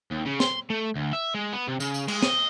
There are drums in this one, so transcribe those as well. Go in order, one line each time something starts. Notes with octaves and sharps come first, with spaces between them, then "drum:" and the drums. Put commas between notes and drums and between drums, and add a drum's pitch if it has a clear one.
D#2
C#3
C6, drum: snare
A3
D2
E5
G#3
B3
C3
C#3, drum: tambourine
drum: tambourine
G#3, drum: cymbal
D#5, drum: snare